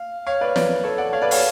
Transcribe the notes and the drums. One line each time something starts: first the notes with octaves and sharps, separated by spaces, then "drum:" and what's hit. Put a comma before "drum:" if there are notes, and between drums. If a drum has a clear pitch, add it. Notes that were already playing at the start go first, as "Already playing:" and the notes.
Already playing: F5
C#5 F5
B4 D5
B4 D5, drum: snare
A4 C#5
D5 F#5
C#5 F5
B4 D5
C#5 F5, drum: open hi-hat